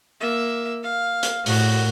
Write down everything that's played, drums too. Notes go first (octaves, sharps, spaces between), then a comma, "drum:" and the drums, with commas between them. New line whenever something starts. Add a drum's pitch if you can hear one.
A#3 E5
F5
drum: hi-hat
A2 F#4, drum: open hi-hat